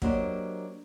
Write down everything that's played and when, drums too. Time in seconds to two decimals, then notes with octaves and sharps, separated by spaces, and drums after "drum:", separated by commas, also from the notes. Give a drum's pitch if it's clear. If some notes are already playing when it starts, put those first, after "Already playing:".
0.02 F#3 A#3 D4 G4 C5 D#5, drum: kick